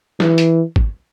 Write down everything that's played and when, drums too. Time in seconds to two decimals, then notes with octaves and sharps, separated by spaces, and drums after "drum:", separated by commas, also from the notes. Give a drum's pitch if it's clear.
0.20 E3, drum: snare
0.38 drum: hi-hat
0.76 drum: kick